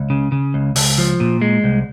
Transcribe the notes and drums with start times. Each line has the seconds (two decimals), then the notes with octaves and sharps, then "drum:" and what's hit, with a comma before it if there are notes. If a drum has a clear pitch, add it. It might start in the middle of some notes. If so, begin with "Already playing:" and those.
Already playing: C#2
0.10 C#3
0.32 C#3
0.54 C#2
0.76 C#2, drum: open hi-hat
0.98 F3
1.20 A#2
1.41 G#3
1.64 C2